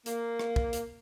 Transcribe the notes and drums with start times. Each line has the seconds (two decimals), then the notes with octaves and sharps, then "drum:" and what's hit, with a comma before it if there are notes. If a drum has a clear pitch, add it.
0.06 A#3, drum: hi-hat
0.39 drum: rim click
0.56 drum: kick
0.73 drum: hi-hat